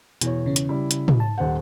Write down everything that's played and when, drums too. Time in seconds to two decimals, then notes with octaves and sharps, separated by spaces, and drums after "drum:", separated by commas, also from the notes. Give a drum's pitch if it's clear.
0.21 E2 B2 C#5, drum: hi-hat
0.46 C#3 C#4
0.56 drum: hi-hat
0.69 G3 E4
0.91 drum: hi-hat
1.08 drum: tom
1.20 A5
1.38 D#1 C5 F#5